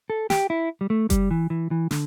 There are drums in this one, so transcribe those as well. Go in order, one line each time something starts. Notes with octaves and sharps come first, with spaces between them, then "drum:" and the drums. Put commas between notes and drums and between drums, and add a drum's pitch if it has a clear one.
A4
G4, drum: snare
E4
G3
A3
G3, drum: kick F#1, hi-hat
E3
E3
E3
D3, drum: snare